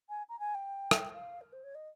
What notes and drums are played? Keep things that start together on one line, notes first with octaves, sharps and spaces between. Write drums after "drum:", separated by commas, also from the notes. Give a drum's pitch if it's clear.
G#5
A#5
G#5
G5
drum: rim click
F5
A#4
C5
C#5
D#5